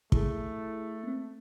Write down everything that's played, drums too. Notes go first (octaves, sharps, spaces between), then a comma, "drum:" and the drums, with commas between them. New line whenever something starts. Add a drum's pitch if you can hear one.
A3 E4 G#4 A4, drum: kick
A#3 C4